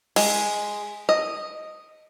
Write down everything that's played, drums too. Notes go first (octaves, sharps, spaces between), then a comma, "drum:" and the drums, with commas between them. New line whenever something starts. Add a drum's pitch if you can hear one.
G#3, drum: cymbal
D#5